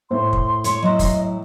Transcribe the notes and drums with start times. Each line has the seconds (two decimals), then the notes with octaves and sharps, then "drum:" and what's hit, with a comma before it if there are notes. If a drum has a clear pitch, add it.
0.11 A2 C5 C6
0.33 drum: kick
0.64 C#5, drum: hi-hat
0.83 F#3 E4 D#5
0.99 drum: kick, open hi-hat